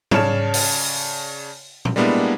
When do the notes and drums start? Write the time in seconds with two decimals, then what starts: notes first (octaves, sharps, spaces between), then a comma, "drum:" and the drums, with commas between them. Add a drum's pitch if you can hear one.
0.11 C#3 C#5 D5 A5 F6 E7, drum: tom G#2
0.54 drum: open hi-hat
1.85 drum: tom A#2
1.96 G3 G#3 A#3 B3 D4 E4